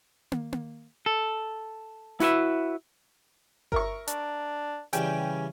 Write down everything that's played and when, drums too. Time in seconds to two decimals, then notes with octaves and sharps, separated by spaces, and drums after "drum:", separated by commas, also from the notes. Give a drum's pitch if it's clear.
0.32 drum: tom
0.52 drum: tom
1.06 A4
2.20 E4 F#4 B4 E5, drum: snare
3.72 A#4 E5 C#6, drum: kick G1
4.08 D4, drum: hi-hat
4.93 C#3 E3 G3 C#4 G5, drum: hi-hat